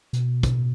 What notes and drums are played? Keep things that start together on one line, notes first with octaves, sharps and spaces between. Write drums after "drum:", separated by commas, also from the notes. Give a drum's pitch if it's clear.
B2, drum: hi-hat
drum: kick, hi-hat